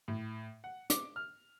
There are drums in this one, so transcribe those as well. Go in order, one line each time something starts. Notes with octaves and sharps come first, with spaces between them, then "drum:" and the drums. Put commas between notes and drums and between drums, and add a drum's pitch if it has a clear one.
A2
F#5
D6, drum: hi-hat
F6